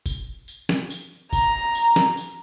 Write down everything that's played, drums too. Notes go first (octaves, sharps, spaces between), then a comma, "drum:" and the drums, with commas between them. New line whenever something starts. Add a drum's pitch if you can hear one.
drum: kick, tambourine
drum: tambourine
drum: snare
drum: tambourine
A#5, drum: kick, tambourine
drum: tambourine
drum: snare
drum: tambourine